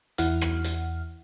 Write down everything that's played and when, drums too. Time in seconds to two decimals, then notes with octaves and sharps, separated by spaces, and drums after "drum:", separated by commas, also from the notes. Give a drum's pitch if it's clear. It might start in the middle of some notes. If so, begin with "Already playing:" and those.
0.18 E2 E4 F#5 F6, drum: hi-hat
0.41 drum: rim click
0.64 drum: hi-hat